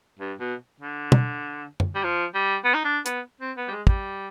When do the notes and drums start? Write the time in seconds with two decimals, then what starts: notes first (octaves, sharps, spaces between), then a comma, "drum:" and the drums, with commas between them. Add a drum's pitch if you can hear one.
0.19 G2
0.40 B2
0.81 D3
1.12 drum: tom
1.80 drum: tom F#2
1.95 G3
2.04 F3
2.35 G3
2.65 B3
2.74 D#4
2.85 D4
3.06 B3, drum: hi-hat
3.41 C4
3.57 B3
3.68 G3
3.72 G#3
3.87 G3, drum: kick